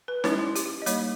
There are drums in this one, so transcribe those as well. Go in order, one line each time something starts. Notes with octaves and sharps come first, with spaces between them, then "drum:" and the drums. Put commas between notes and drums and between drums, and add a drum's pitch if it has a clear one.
B4
G#3 C#4 E4 C#5, drum: snare D#4
E4
G4, drum: hi-hat
G4
D#5
G3 A#3 D#4 C#5, drum: hi-hat